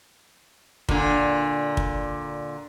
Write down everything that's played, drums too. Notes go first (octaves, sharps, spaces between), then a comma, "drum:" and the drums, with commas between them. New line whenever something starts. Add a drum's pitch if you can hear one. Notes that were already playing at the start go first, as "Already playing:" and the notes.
A#2 D3, drum: kick
drum: kick